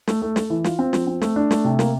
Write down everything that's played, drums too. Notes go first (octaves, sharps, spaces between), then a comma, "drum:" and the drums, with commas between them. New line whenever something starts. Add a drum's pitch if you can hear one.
A3, drum: snare
A3
A4, drum: snare
E3
F4, drum: snare
C4
F3, drum: snare
C4
A3, drum: snare
D4
A3, drum: snare
C3
A#3, drum: snare